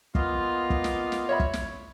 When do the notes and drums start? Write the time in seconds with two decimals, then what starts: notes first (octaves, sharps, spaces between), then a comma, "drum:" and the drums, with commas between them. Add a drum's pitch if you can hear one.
0.15 A#3 B3 F4 D#5, drum: kick
0.70 drum: kick
0.84 drum: snare
1.12 drum: snare
1.29 C#5 E5 B5
1.40 drum: kick
1.53 drum: snare